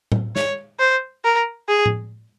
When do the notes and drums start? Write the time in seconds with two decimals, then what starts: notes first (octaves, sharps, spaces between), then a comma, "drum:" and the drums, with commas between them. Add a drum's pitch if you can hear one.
0.12 drum: tom A2
0.36 C#5, drum: snare
0.79 C5
1.24 A#4
1.68 G#4
1.86 drum: tom A2